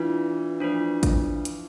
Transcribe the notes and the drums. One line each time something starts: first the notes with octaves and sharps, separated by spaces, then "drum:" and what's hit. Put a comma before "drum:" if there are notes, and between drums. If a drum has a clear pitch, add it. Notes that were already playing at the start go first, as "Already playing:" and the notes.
Already playing: E3 D4 F4 B4
F3 D4 F4 B4
drum: kick G#1, hi-hat
drum: hi-hat